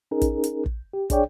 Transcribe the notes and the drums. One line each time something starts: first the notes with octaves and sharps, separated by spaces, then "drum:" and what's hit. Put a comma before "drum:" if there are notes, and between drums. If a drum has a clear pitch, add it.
C#4 D#4 G#4 A#4
drum: kick, hi-hat
drum: hi-hat
drum: kick
G4
D4 G#4 C#5 D5 G5, drum: kick, hi-hat